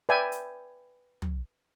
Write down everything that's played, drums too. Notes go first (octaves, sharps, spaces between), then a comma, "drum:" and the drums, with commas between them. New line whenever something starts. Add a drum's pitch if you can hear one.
B4 D5 E5 G5 G#5
drum: hi-hat
drum: tom